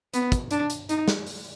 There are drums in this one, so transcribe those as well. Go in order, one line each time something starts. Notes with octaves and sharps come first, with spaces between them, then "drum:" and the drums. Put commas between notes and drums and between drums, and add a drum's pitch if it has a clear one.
B3, drum: hi-hat
drum: kick, hi-hat
D4, drum: hi-hat
drum: hi-hat
D#4, drum: hi-hat
drum: snare
drum: open hi-hat